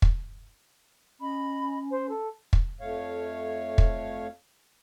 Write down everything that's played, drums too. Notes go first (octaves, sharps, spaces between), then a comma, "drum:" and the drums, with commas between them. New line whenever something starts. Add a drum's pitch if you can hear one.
drum: kick
C#4 D#5 B5
C5
A4
drum: kick
F2 A3 C#5 F5
drum: kick